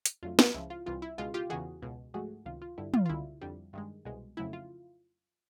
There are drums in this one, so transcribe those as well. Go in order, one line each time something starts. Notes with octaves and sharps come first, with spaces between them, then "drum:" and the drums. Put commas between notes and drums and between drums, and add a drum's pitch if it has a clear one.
drum: hi-hat
F2 D3 F#3 A3 F4
F4, drum: snare
C#2 C#3 F3 E4
F4
C2 C3 E3 G3 F4
E4
C#2 B2 G#3 F4
F4 G4
E2 C#3 E3 F#4 G#4
C#2 B2 G#3
G#2 F3 A3 F#4 G#4
C#2 C3 D#3 F4
F4
G2 D3 G3 E4
F4, drum: tom
F4
C#2 B2 G3 E4
F2 D3 G3
G2 D#3 G#3
C2 B2 G#3
F2 C#3 F#3 A3 E4
F4